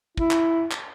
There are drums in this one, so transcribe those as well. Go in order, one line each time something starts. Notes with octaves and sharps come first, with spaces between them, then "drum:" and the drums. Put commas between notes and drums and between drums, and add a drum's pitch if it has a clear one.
E4, drum: kick
drum: clap
drum: clap